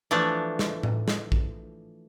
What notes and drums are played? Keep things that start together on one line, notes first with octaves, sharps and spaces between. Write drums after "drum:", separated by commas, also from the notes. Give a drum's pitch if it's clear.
E3 F3 A3 D4
drum: snare
drum: tom A2
drum: snare
drum: kick A#1